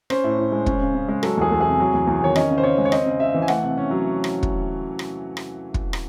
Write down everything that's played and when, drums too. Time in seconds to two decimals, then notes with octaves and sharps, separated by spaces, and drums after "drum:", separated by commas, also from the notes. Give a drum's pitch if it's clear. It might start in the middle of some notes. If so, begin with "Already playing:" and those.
0.10 C#4 C5, drum: rim click
0.24 A2
0.39 A2
0.52 G#3
0.66 C#4, drum: kick
0.81 C#3
0.95 C#3
1.08 G#3
1.23 F#3 A4, drum: rim click
1.37 E2 G#4
1.51 E2 A4
1.61 C3 G#4
1.80 F#3
1.93 E2
2.07 E2
2.21 D#3 C#5
2.36 C#4 D#5, drum: rim click
2.50 C#3
2.58 C5
2.63 C#3 C#5
2.78 G#3
2.85 C#5
2.92 C4 D#5, drum: rim click
3.06 C#3
3.20 C#3 E5
3.34 E3
3.42 G#5
3.48 A3 F#5, drum: rim click
3.63 C3
3.77 C#4
3.91 F#3
4.24 drum: rim click
4.43 drum: kick
4.99 drum: rim click
5.37 drum: rim click
5.74 drum: kick
5.93 drum: rim click